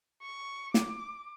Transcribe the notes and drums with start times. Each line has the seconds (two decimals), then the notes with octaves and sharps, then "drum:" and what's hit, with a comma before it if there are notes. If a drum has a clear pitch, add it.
0.22 C#6
0.74 D6, drum: snare